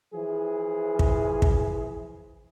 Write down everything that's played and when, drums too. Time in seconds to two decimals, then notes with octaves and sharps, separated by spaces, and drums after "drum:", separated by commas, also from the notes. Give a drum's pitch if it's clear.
0.14 E3 F3 G#4
0.99 drum: kick
1.42 drum: kick